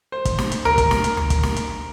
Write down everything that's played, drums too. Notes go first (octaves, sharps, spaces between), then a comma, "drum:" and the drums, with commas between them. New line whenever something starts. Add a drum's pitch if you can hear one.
C5
drum: kick, hi-hat
drum: snare
drum: hi-hat
A#4, drum: tom D2
drum: kick, hi-hat
drum: snare
drum: hi-hat
drum: tom D2
drum: kick, hi-hat
drum: snare
drum: hi-hat